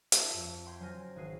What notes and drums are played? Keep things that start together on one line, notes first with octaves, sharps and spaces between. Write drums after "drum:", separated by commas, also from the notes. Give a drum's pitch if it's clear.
F4 E5 A5, drum: hi-hat
F2
G5 C6 G6 G#6 B6
F#3 C#4 C5 G#5 F6 A#6
G#1 G#4 B4 C7 D#7